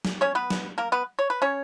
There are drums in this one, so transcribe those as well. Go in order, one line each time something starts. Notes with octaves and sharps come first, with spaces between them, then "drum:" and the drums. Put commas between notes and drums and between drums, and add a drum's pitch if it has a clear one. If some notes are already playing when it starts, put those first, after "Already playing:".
drum: snare
C#4 C#5
B3 B4
drum: snare
A#3 A#4
B3 B4
C#5
B4
C#4 C#5